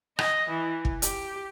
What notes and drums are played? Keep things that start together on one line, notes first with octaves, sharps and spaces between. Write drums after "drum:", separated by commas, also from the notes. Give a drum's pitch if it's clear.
D#5, drum: rim click
E3
drum: kick
G4, drum: hi-hat